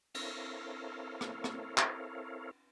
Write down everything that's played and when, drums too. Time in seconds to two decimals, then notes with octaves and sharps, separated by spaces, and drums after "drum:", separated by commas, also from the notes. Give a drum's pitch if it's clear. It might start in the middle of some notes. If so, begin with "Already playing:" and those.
0.15 C4 E4 A4 A#4 C#5 F5, drum: cymbal
1.21 drum: rim click
1.44 drum: rim click
1.78 drum: clap